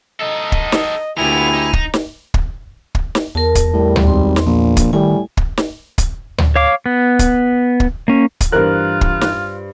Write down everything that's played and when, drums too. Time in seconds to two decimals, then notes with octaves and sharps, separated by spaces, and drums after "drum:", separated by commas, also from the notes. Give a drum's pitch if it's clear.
0.20 D#4 A4 D#5
0.52 drum: kick
0.72 drum: snare
1.18 D2 A#2 B3 E4 G4 G#5 F7
1.54 D#4
1.73 drum: kick
1.94 drum: snare
2.34 drum: kick
2.95 drum: kick
3.15 drum: snare
3.35 E2 A#4 A5
3.55 drum: kick, hi-hat
3.73 A2 G3
3.96 drum: tom D2
4.07 G#1 C6
4.36 drum: snare
4.46 A#1 A#2
4.77 drum: kick, hi-hat
4.93 A2 D#3 G3 G#5
5.37 drum: kick
5.57 drum: snare
5.98 drum: kick, hi-hat
6.38 drum: tom D2
6.56 C#5 F5 D6
6.86 B3
7.19 drum: kick, hi-hat
7.80 drum: kick
8.08 A#3 C#4
8.41 drum: kick, hi-hat
8.52 G2 E3 F4 A#4 C5 F#6
9.01 drum: kick
9.21 drum: snare